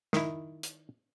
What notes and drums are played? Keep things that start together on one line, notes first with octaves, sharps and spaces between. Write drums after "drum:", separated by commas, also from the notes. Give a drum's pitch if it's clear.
D#3 E4, drum: snare
drum: hi-hat